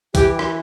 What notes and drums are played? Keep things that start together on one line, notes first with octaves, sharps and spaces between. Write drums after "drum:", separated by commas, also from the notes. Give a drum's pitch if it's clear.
E3 G4, drum: kick, hi-hat
drum: rim click